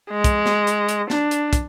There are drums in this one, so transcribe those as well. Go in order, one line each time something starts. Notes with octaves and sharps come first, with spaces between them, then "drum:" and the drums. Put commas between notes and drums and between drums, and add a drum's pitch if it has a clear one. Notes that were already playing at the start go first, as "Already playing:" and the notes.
G#3
drum: kick, hi-hat
drum: snare
drum: hi-hat
drum: hi-hat
D4, drum: snare
drum: hi-hat
drum: kick, hi-hat